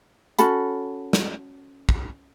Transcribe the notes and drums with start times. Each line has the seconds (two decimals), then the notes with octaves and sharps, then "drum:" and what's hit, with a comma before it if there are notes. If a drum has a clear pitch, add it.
0.39 C#4 F#4 A4 B5, drum: hi-hat
1.13 drum: snare
1.89 drum: kick